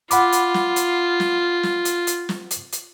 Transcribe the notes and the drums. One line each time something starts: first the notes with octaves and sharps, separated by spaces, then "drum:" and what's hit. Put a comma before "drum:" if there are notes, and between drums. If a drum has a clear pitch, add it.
F4 F#5 B5 D6, drum: hi-hat
drum: hi-hat
drum: snare
drum: hi-hat
drum: snare
drum: snare
drum: hi-hat
drum: hi-hat
drum: snare
drum: hi-hat
drum: hi-hat